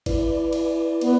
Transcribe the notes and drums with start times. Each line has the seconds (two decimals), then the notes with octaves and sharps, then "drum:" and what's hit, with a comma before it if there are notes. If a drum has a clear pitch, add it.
0.06 E4 B4 D5, drum: kick G1, cymbal
0.53 drum: cymbal
1.01 B3, drum: cymbal